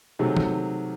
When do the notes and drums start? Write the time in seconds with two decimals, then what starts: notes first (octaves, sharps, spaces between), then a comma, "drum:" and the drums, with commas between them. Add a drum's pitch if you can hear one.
0.19 C3 D#3 F#3 A3 G#4
0.37 drum: tom